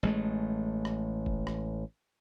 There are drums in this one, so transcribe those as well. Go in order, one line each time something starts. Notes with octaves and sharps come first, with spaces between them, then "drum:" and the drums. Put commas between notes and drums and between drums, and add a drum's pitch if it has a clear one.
A1 G#3 A3
drum: rim click
drum: kick
drum: rim click